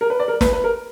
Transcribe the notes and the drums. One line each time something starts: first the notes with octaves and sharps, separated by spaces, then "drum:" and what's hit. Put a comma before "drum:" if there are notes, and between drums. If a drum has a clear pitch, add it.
A#4
B4
D5
A#4
B4, drum: snare
B4
A#4